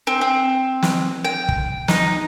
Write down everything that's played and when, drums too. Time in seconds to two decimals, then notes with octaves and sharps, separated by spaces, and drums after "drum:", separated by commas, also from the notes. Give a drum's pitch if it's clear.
0.07 C4
0.21 C4
0.83 drum: snare
1.25 G5
1.49 drum: kick
1.88 D#4, drum: snare